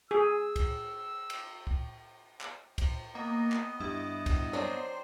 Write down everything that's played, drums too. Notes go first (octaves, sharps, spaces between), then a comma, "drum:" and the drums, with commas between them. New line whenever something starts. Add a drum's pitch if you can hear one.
G#4 E6
drum: kick, cymbal
drum: cymbal
drum: kick
drum: clap
drum: kick, cymbal
A#3 B3 D#5
drum: clap
G2 E4
drum: kick, cymbal
F#3 C4 D4 C5